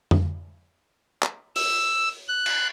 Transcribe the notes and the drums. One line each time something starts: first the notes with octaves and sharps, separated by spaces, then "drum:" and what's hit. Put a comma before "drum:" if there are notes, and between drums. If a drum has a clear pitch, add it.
drum: tom F2
drum: clap
E6, drum: open hi-hat
F#6
drum: cymbal